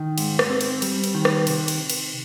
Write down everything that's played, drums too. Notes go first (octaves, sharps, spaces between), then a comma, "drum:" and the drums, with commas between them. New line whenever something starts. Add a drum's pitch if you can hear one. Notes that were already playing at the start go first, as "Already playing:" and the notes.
Already playing: D#3
G#2, drum: cymbal
drum: rim click
C4
drum: cymbal
G3, drum: cymbal
drum: cymbal
D#3
drum: rim click
C3, drum: cymbal
drum: cymbal
drum: cymbal